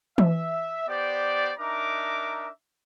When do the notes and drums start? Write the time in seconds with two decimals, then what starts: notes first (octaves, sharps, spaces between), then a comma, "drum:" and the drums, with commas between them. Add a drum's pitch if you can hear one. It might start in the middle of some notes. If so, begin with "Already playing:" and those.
0.18 E5, drum: tom E3
0.87 B3 G4 C5 D5
1.58 D4 D#4 A#4 E5 A#5 D6